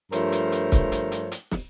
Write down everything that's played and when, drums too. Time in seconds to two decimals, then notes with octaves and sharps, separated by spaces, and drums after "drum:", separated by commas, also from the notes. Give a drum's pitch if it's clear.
0.12 G2 F3 A3 A#4 C5 C#5, drum: hi-hat
0.32 drum: hi-hat
0.52 drum: hi-hat
0.72 drum: kick, hi-hat
0.92 drum: hi-hat
1.12 drum: hi-hat
1.32 drum: hi-hat
1.51 drum: snare